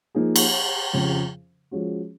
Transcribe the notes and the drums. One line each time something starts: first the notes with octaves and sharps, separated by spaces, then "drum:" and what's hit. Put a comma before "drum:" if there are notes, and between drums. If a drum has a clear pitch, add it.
F3 A#3 D#4 G#4
drum: cymbal
F2 C#3 F3
F3 G#3 C#4 F#4